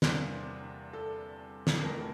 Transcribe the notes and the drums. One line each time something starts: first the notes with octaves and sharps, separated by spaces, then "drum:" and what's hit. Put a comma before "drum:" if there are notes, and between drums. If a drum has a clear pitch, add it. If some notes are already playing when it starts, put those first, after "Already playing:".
E2 C3 G3 A#3 D4 C5, drum: snare
A4
drum: snare
F1 F2 E3 A3 A#4